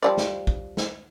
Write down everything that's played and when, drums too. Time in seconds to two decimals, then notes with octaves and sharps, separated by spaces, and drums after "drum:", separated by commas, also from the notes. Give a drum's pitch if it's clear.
0.02 F3 G3 D5
0.17 drum: snare
0.47 drum: kick
0.77 drum: snare